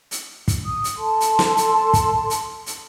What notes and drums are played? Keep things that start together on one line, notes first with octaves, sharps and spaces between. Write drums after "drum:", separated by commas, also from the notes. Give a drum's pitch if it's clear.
drum: hi-hat
drum: kick, hi-hat
D#6
drum: hi-hat
A4 A5 C6
drum: hi-hat
drum: snare
drum: hi-hat
drum: kick, hi-hat
drum: hi-hat
drum: hi-hat